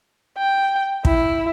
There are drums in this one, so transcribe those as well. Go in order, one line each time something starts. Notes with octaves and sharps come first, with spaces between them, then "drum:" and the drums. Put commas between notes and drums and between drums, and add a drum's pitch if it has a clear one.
G5
E4, drum: kick